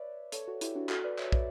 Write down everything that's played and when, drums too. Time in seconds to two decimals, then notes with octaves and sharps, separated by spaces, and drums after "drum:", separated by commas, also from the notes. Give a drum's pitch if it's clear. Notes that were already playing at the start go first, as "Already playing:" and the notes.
Already playing: B4 C#5 D5 E5
0.32 A4 C#5, drum: hi-hat
0.47 F#4 A4
0.61 E4 G4, drum: hi-hat
0.75 D4 F#4
0.89 F#4 A4, drum: clap
1.04 B4 D5
1.18 C#5 E5, drum: clap
1.32 B4 D5, drum: kick